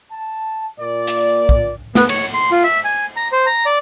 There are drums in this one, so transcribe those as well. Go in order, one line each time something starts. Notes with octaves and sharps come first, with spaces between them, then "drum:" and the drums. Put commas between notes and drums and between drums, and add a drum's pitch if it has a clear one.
A5
A#2 D5
drum: hi-hat
drum: kick
B3, drum: snare
C#5, drum: cymbal
C6
F4
E5
G#5
A#5
C5
A#5
D5